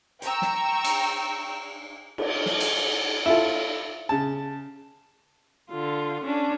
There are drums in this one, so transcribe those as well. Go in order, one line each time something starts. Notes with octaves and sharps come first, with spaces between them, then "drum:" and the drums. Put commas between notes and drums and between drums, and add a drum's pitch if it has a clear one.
G5 A#5 C#6 E6, drum: hi-hat
drum: snare
drum: cymbal
drum: cymbal
drum: snare
drum: cymbal
E4 F4 A4 E5
C#3 A5
D3 F4
C#4 D4